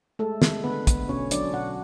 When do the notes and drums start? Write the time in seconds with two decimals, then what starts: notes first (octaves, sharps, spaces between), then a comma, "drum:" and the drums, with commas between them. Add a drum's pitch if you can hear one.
0.19 G#3 A3 A4
0.42 G#3, drum: snare
0.64 D3 B3 B4
0.87 D3, drum: kick, hi-hat
1.08 B2 C#4 C#5
1.31 F#3 D4 D5, drum: hi-hat
1.53 B2 F#4 F#5